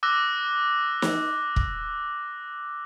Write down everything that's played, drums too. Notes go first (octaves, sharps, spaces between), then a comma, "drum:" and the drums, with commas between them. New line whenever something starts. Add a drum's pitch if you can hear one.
D6 E6 F#6 A#6
drum: snare
drum: kick